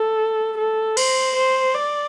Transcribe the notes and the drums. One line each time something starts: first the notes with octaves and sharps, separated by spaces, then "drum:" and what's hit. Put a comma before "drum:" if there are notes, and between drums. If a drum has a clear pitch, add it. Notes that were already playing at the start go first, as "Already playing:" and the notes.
Already playing: A4
A4
C5, drum: cymbal
C5
D5